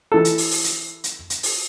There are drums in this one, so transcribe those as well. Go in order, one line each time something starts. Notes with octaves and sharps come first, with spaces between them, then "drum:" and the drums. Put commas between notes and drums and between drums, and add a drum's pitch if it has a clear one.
E3 A4
drum: hi-hat
drum: open hi-hat
drum: open hi-hat
drum: hi-hat
drum: hi-hat
drum: hi-hat
drum: open hi-hat